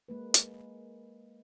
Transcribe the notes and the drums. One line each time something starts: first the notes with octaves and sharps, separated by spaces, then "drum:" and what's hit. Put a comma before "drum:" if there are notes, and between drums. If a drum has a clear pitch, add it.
G#3 A#3 B4
drum: hi-hat